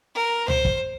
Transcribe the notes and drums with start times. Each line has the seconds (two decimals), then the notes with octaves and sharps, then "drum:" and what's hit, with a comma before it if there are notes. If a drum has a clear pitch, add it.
0.15 A#4
0.48 C5, drum: tom C#2
0.65 drum: kick